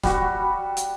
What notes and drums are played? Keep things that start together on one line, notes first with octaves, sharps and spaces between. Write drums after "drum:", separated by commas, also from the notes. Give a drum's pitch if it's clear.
G3 F#4 F#5, drum: snare
drum: hi-hat